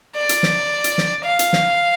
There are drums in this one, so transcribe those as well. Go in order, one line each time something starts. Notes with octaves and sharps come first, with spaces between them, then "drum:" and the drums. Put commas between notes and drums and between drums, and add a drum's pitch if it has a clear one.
D5
drum: hi-hat
drum: snare
drum: hi-hat
drum: snare
F5
drum: hi-hat
drum: snare